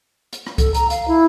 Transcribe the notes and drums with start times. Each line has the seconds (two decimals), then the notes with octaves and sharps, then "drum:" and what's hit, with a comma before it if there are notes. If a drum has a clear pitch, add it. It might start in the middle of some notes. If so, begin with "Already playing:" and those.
0.33 drum: hi-hat
0.47 drum: rim click
0.58 A4, drum: kick C2, hi-hat
0.74 A#5, drum: hi-hat
0.90 F5, drum: hi-hat
1.08 E4